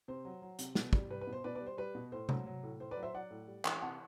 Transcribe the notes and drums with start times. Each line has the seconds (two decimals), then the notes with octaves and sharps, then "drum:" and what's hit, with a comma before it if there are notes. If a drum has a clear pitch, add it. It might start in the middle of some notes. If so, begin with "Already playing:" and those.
0.08 C3 C5
0.25 F#3
0.42 F#3
0.59 C3, drum: hi-hat
0.75 B2, drum: snare
0.93 G3, drum: kick
1.11 G3 B4
1.21 B4
1.27 B2
1.33 C5
1.44 B2 B4 D5
1.55 B4 D5
1.61 G3
1.66 C5
1.77 G3 B4
1.95 B2
2.12 A2 C5
2.29 F#3, drum: tom C3
2.46 F#3
2.63 A2
2.80 A2 C5
2.91 B4 D5
2.97 F#3
3.03 C5 E5
3.14 F#3 D5 F#5
3.31 A2
3.47 G3
3.65 E3, drum: clap
3.82 C3 F#5 A5